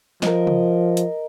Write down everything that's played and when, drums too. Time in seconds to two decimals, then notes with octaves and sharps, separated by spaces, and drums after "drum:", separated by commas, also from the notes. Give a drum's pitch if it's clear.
0.22 F3 A#4 D#5, drum: snare
0.47 drum: tom
0.97 drum: hi-hat